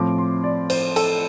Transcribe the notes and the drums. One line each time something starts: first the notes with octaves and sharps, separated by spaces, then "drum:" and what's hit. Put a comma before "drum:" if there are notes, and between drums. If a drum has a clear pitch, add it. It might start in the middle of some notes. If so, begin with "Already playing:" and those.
Already playing: A2 F3 C4 D6
C6
D5
C5, drum: cymbal
A4, drum: cymbal